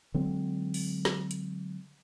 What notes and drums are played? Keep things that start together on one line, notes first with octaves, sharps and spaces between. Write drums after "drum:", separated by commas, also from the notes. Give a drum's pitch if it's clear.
D3 F#3 G#3 C4
drum: open hi-hat
drum: snare
drum: hi-hat